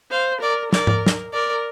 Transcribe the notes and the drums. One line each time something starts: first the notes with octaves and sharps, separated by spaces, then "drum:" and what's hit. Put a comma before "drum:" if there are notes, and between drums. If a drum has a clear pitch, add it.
C5 F5
A#4 D5
A#4 D5, drum: snare
drum: tom G#2
drum: snare
A#4 D5